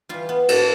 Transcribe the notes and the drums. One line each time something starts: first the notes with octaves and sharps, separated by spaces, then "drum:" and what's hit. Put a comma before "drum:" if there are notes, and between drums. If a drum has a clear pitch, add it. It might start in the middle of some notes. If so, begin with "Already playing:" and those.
E3 G3 F4
B3
A2 A4, drum: cymbal